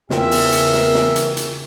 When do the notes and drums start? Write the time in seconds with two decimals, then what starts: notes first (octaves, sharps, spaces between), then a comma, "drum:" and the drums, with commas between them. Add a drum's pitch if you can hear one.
0.10 E2 C#3 F4 G#4 A#4 E5 G5, drum: snare
0.31 drum: open hi-hat
0.52 drum: hi-hat
0.73 drum: snare
0.95 drum: snare
1.16 drum: hi-hat
1.37 drum: hi-hat